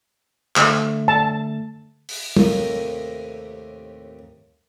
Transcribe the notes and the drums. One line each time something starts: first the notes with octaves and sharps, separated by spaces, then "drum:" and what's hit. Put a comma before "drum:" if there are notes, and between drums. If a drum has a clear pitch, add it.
D3 A3, drum: clap
A5
drum: open hi-hat
D#2 A2 C3 A#3 D#4 D#5, drum: tom